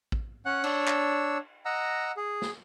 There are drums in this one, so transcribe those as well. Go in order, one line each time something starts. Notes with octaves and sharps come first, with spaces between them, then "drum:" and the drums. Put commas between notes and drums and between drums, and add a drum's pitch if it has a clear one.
drum: kick A1
C#4 C#5 F#5 F#6
D4 C#5 E6, drum: cymbal
drum: clap
D#5 F#5 A#5 E6
G#4
drum: snare